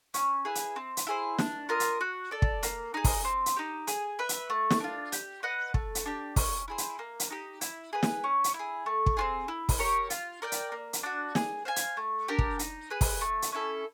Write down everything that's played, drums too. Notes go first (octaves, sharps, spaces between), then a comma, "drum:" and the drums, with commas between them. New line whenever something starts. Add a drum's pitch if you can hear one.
C#4, drum: hi-hat
E4 G#4 B4
drum: hi-hat
C4
drum: hi-hat
E4 G#4 C5
D4, drum: snare
F4 A#4 D#5
drum: hi-hat
F#4
A4 D5
drum: kick
A#3, drum: hi-hat
D#4 G#4
drum: kick, open hi-hat
C4
drum: hi-hat
D#4 G4
G#4, drum: hi-hat
B4 E5
drum: hi-hat
A3
drum: snare
D4 F4
G4, drum: hi-hat
B4 D#5 F#5
A3, drum: kick
drum: hi-hat
D4 G4
C#4, drum: kick, open hi-hat
E4 G#4 C5
drum: hi-hat
A#3
drum: hi-hat
D#4 G4
E4, drum: hi-hat
G#4 B4
drum: snare
C#4
drum: hi-hat
E4
G#4
A3
drum: kick
C4 F4 G#4
E4
drum: kick, open hi-hat
G4 A#4 C#5
F4, drum: hi-hat
A#4 D5 G5
drum: hi-hat
A#3
drum: hi-hat
D4 F#4
G#4, drum: snare
C5 F5 G#5
drum: hi-hat
A3
D4 G4 A#4
drum: kick
D#4, drum: hi-hat
G#4 B4
drum: kick, open hi-hat
A3
drum: hi-hat
C#4 E4 A4